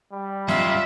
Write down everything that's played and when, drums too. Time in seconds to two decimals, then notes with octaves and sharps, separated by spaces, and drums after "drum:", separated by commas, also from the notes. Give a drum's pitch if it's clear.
0.12 G3
0.48 F#2 G#3 F4 E5, drum: snare